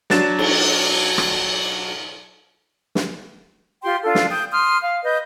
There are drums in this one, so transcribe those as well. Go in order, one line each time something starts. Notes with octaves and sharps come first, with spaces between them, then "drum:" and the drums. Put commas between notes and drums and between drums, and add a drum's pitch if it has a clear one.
F#3 D4 A6 E7, drum: snare
drum: cymbal
drum: rim click
drum: snare
F4 G4 G5 C6
D4 F4 A4
drum: snare
G5 D#6 G6
C6 D#6 F6
F5
B4 D#5 G6